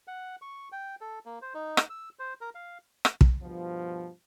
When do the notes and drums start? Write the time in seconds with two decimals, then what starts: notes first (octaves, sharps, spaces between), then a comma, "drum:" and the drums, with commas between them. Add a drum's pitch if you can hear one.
0.07 F#5
0.42 C#6
0.72 G5
1.01 A4
1.25 A#3
1.42 C5
1.54 D#4
1.77 drum: rim click
1.90 E6
2.19 C5
2.41 A#4
2.55 F5
3.05 drum: rim click
3.21 drum: kick
3.43 G2 B2 F3